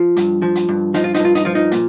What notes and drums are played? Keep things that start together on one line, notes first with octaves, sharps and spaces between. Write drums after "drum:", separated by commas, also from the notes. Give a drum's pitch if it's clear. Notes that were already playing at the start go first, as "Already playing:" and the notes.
Already playing: F3 F4
G2, drum: hi-hat
F3
drum: hi-hat
G2
F3 D#4, drum: hi-hat
F4
G2 D#4, drum: hi-hat
F4
D#4, drum: hi-hat
F3 F4
D#4
A#2, drum: hi-hat